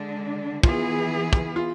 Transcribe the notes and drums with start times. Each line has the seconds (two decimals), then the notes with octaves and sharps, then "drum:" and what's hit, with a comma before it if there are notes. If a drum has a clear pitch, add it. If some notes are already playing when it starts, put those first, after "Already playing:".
Already playing: D3 G#3 D4
0.63 E3 B3 E4 F4 G#4, drum: kick
1.33 drum: kick
1.56 F4